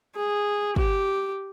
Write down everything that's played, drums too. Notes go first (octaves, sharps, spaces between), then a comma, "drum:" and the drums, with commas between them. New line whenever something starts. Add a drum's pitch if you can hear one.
G#4
G4, drum: kick